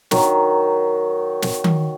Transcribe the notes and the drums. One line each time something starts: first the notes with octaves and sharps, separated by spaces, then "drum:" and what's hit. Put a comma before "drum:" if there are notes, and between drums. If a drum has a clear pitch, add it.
D#3 F#3, drum: snare
drum: snare
drum: tom D#3